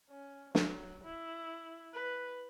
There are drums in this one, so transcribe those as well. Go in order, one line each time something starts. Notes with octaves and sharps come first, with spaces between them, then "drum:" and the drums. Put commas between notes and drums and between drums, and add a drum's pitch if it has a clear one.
C#4
F#3, drum: snare
E4
B4